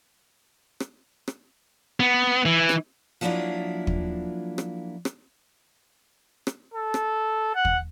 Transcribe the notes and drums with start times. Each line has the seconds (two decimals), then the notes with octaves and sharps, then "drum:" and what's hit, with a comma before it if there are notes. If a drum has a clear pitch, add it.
0.80 drum: rim click
1.28 drum: rim click
2.00 B3
2.46 E3
2.69 drum: rim click
3.21 F3 F#3 A#3 D4 E4 F4
3.87 drum: kick
4.58 drum: rim click
5.05 drum: rim click
6.47 drum: rim click
6.74 A4
6.94 drum: rim click
7.55 F#5
7.65 drum: kick